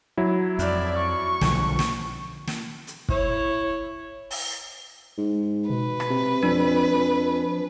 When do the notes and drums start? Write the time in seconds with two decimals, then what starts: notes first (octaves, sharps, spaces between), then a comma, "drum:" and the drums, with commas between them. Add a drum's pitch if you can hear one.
0.17 F#3 E4
0.59 F2 D5 E5, drum: hi-hat
0.99 C#6
1.41 B1 D3 F3, drum: snare
1.79 drum: snare
2.47 drum: snare
2.87 drum: hi-hat
3.09 E4 C#5, drum: kick
4.31 drum: open hi-hat
5.18 G#2
5.70 B2 B4
6.00 drum: rim click
6.10 C3
6.43 F2 F3 D4
6.94 F2